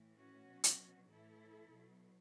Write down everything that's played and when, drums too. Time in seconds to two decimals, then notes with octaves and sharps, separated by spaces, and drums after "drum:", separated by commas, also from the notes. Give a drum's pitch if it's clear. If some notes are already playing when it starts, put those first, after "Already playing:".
Already playing: A2 E3
0.16 C#4 F#4
0.47 B2 F#3
0.64 drum: hi-hat
1.08 A2 E3 E4 A4
1.70 B2 F#3